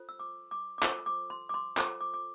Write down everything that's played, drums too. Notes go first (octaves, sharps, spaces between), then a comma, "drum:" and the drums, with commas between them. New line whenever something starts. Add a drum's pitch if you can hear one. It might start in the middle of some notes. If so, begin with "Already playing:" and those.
Already playing: F4 A4 C5
E6
D6
D6
D6
F4 A4 C5 E6, drum: clap
D6
C6
D6
C6
F4 A4 C5 D6, drum: clap
D6
D6